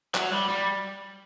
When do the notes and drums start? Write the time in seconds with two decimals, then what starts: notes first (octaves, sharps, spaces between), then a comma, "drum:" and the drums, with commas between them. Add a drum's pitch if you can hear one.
0.15 F#3, drum: clap
0.32 G3
0.48 G3